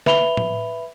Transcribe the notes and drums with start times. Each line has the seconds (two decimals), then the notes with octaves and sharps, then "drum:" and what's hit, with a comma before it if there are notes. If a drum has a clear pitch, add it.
0.06 B4 E5 B5 F7 G7, drum: snare
0.37 drum: tom